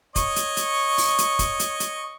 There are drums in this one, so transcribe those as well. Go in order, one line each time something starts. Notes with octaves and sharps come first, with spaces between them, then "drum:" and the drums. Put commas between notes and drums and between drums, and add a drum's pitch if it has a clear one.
C#5 D#5 C#6, drum: kick, hi-hat
drum: hi-hat
drum: hi-hat
drum: open hi-hat
drum: hi-hat
drum: kick, hi-hat
drum: hi-hat
drum: hi-hat